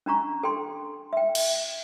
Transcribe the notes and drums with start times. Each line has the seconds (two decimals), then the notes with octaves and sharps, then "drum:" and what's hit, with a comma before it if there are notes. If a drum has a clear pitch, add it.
0.06 C#4 D4 A#5 C#6
0.43 A4 G5 C6
1.13 E5 G5
1.35 drum: cymbal